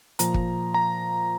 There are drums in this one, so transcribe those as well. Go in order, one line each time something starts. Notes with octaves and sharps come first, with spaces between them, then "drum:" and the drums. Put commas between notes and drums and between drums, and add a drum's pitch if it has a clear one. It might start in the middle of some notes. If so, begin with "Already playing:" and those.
A#2 F3 A#5, drum: hi-hat
drum: kick
A#5